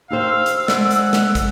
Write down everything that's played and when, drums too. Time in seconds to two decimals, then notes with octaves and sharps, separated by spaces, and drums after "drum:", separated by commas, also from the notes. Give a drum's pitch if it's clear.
0.10 D#4 G4 C5 F5 E6
0.46 drum: hi-hat
0.68 G#3 D5 F#5, drum: snare
0.91 drum: hi-hat
1.13 drum: snare
1.35 drum: kick, hi-hat